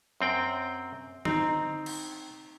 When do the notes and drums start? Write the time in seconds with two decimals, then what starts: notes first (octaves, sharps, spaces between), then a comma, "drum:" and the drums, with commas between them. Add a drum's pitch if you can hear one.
0.21 F#2 C4 G5
1.25 C4 D#4, drum: tom D3
1.86 drum: cymbal